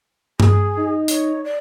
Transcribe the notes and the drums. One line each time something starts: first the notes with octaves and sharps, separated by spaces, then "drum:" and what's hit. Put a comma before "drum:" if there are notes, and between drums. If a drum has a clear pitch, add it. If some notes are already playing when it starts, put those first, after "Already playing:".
G#4, drum: tom G2
D#4
C#5, drum: hi-hat
D5